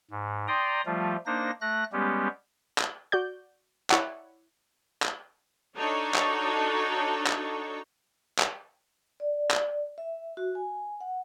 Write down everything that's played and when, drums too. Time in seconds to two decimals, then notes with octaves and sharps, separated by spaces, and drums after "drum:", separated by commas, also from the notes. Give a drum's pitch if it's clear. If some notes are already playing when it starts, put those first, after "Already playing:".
0.11 G#2
0.48 D5 G5 A#5 C6 D#6
0.86 F3 G3 A3 F4
1.26 A#3 D4 D#4 C5 A#6
1.61 A3 F#6 A#6
1.93 G3 G#3 B3 C#4 G4
2.78 drum: clap
3.12 F#4 D5 G6
3.90 E4 C#5 D5 F#5, drum: clap
5.02 drum: clap
5.76 D4 D#4 F#4 A4 C#5
6.14 drum: clap
7.27 drum: clap
8.39 drum: clap
9.20 D5
9.51 drum: clap
9.98 E5
10.37 F#4
10.55 G#5
11.01 F#5